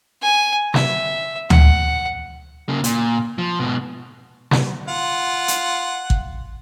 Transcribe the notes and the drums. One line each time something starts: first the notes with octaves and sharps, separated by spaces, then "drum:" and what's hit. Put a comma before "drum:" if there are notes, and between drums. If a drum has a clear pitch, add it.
G#5
E5, drum: snare
F#5, drum: tom D2
C#3 A#3
A#2, drum: hi-hat
F3
G#2 B2
drum: snare
F4 F#5
drum: hi-hat
drum: kick